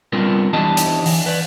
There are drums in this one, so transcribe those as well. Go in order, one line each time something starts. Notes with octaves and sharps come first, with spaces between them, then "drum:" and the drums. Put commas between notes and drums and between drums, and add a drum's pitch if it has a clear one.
G3 B3 C4 D4 F4 A#4
E2 E3 D4 G4 D#5 A5
drum: hi-hat
E3, drum: open hi-hat
B4 D5